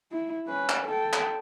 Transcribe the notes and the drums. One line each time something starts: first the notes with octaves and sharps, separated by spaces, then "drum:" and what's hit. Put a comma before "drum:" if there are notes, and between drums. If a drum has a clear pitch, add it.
E4
C#4 B4
drum: clap
A4 G5
drum: clap